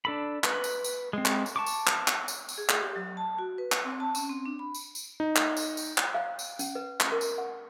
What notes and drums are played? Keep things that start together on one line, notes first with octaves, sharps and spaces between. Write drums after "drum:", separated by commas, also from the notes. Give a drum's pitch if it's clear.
D4 A4 B5
B4, drum: clap
drum: tambourine
drum: tambourine
G#3 C4
drum: clap
drum: tambourine
A5 C#6 D6
drum: tambourine
drum: clap
drum: clap
drum: tambourine
drum: tambourine
G#4
drum: clap
G4
F#3
A5
F#4
B4
drum: clap
C4
A5
C#4, drum: tambourine
C4
D4
B5
drum: tambourine
drum: tambourine
D#4
drum: clap
drum: tambourine
drum: tambourine
drum: clap
F5
drum: tambourine
C#4, drum: tambourine
B4
drum: clap
A#4
drum: tambourine
F#5